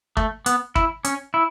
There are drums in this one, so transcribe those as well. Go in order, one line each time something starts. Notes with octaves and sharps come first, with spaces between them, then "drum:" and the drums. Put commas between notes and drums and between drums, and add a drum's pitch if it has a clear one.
A3, drum: kick
B3, drum: hi-hat
E4, drum: kick
C#4, drum: hi-hat
E4